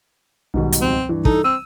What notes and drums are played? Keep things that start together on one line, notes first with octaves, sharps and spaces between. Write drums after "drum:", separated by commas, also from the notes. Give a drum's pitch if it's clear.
B1 G#2 B2 D#3 G3
drum: hi-hat
C#2 F3 C4
G2 E3
D#4 A4, drum: kick
C4 E6 D#7